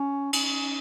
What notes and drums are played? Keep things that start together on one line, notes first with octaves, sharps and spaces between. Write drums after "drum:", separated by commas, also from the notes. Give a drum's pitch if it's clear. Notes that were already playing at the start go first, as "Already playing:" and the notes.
Already playing: C#4
C#4, drum: cymbal